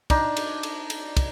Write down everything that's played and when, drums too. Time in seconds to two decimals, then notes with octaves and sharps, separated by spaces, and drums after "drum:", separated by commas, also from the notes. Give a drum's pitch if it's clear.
0.10 D4 D#4, drum: kick, cymbal
0.37 drum: cymbal
0.63 drum: cymbal
0.90 drum: cymbal
1.17 drum: kick, cymbal